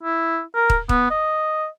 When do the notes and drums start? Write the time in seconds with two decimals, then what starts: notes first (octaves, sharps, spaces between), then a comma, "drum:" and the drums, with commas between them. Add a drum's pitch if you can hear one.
0.03 E4
0.55 A#4
0.70 drum: kick
0.89 B3, drum: kick
1.10 D#5